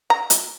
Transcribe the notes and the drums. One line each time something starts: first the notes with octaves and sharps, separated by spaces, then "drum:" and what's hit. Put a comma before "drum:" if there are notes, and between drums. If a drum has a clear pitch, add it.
A#5
drum: hi-hat